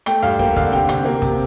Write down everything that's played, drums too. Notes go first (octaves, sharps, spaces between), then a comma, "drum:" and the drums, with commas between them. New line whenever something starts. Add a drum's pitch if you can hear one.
A3 G5, drum: rim click
G2 F5
A#3 G5, drum: kick
D3 F5, drum: kick
C3 G5
C3, drum: rim click
A#3
C3, drum: kick